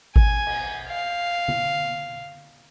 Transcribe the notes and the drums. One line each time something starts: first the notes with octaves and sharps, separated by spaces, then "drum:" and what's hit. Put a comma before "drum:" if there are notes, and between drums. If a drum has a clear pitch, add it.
G#5, drum: kick G#1
drum: cymbal
F5
drum: tom D3